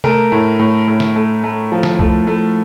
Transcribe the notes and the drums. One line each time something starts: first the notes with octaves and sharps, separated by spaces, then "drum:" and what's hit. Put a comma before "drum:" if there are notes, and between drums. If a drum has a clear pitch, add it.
A3 A#4, drum: tom C3
A2
A2
A2
drum: snare
A3
A3
F3
drum: snare
A3, drum: kick B1
A3